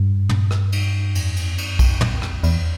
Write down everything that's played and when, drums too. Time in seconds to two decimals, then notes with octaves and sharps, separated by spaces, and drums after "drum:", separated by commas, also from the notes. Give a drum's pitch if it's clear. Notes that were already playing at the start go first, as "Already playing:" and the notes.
Already playing: G2
0.29 drum: tom
0.51 drum: rim click
0.72 drum: cymbal
1.15 F2, drum: cymbal
1.36 drum: cymbal
1.58 F#2, drum: cymbal
1.79 drum: kick B1, cymbal
2.01 F2, drum: tom
2.22 drum: rim click
2.43 E2, drum: cymbal